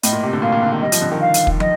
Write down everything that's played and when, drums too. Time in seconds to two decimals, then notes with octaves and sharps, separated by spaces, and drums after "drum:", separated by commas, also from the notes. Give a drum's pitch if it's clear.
0.03 A2 D#5, drum: hi-hat
0.13 A#2
0.23 C3
0.33 D3
0.42 A#2 F5
0.52 A#2
0.62 D3
0.72 D#3
0.81 G3 D#5
0.92 F3, drum: hi-hat
1.01 D3
1.12 D#3
1.21 F5
1.34 drum: hi-hat
1.47 drum: kick
1.60 D#5, drum: tom